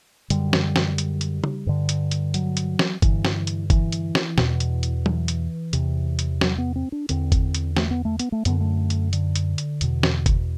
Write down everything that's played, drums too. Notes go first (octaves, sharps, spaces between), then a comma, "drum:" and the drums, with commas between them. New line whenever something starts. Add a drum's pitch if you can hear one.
F#2 D3 G3, drum: hi-hat
drum: snare
drum: snare
drum: hi-hat
drum: hi-hat
drum: tom
G2 D3
drum: hi-hat
drum: hi-hat
F#3, drum: hi-hat
drum: hi-hat
drum: snare
G2 D3 E3, drum: kick F#1, hi-hat
drum: snare
drum: hi-hat
E3, drum: kick F#1, hi-hat
drum: hi-hat
drum: snare
E2 B2, drum: snare
drum: hi-hat
drum: hi-hat
E3, drum: tom F#3
drum: hi-hat
E2 C3, drum: hi-hat
drum: hi-hat
F#3, drum: snare
B3
C4
D4
E2 D3 C4, drum: hi-hat
drum: kick F#1, hi-hat
drum: hi-hat
A3, drum: snare
B3
A3
B3, drum: hi-hat
A3
F#2 D3 B3, drum: hi-hat
A3
drum: hi-hat
D3, drum: hi-hat
drum: hi-hat
drum: hi-hat
E2 B2, drum: hi-hat
drum: snare
drum: kick F#1, hi-hat